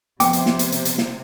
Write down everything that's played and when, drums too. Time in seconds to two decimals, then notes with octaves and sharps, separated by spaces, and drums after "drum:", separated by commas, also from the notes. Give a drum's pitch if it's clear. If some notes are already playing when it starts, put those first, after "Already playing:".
0.20 C3 F3 A3 B3 G5 D6, drum: hi-hat
0.33 drum: hi-hat
0.46 drum: snare
0.59 drum: hi-hat
0.72 drum: hi-hat
0.85 drum: hi-hat
0.98 drum: snare